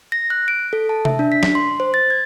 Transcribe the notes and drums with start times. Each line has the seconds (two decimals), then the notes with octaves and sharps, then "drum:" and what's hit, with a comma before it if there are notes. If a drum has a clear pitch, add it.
0.12 A#6
0.30 F#6
0.48 D7
0.73 A4
0.89 A5
1.05 E5, drum: tom C3
1.19 D4
1.32 B6
1.43 drum: snare
1.55 C6
1.80 C5
1.94 A6
2.10 G#6